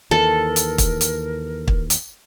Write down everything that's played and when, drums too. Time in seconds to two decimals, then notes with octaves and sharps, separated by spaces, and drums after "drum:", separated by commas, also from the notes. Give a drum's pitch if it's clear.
0.11 D#2 E3 A4 A#4 A5
0.56 drum: hi-hat
0.78 drum: kick, hi-hat
1.01 drum: hi-hat
1.68 drum: kick
1.90 drum: hi-hat